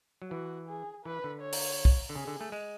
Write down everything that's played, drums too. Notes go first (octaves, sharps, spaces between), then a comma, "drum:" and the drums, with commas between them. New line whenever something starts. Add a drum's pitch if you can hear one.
F#3
E3 F#4
G#4
E3 B4
D3
C#5
drum: open hi-hat
drum: kick
D3
C#3 G#4
D3
A3
G#3